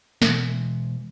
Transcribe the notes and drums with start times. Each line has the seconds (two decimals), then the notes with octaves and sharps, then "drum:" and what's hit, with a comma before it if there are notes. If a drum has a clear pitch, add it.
0.22 B2 E3 G#3, drum: snare